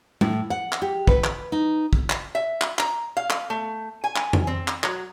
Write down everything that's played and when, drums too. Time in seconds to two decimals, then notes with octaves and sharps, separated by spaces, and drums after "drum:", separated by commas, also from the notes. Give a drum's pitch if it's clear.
0.21 A2, drum: tom
0.50 F#5
0.72 drum: clap
0.82 G4
1.07 B4, drum: kick
1.24 drum: clap
1.52 D#4
1.93 drum: kick
2.10 drum: clap
2.35 E5
2.61 drum: clap
2.79 A#5, drum: clap
3.17 F5
3.30 drum: clap
3.50 A3
4.04 G#5
4.16 drum: clap
4.33 drum: tom F2
4.47 C4
4.68 drum: clap
4.84 F#3, drum: clap